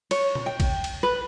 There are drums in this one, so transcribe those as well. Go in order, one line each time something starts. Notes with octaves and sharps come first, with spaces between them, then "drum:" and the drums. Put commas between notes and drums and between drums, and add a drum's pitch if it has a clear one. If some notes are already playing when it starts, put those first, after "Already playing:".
C#5, drum: cymbal
drum: tom A#2
G5
drum: kick A#1, cymbal
drum: cymbal
B4